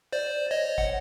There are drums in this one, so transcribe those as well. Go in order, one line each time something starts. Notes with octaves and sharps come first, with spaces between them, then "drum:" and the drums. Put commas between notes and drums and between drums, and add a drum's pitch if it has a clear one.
C5 D5
C#5 D#5
F#5, drum: kick